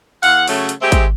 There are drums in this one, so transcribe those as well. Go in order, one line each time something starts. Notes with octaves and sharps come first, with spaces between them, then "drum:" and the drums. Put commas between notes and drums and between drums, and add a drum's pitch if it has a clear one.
E2 F5 F#5, drum: open hi-hat
C#3 F#3 A3, drum: open hi-hat
drum: hi-hat
G#3 A3 C4 G4 G#4
drum: kick, hi-hat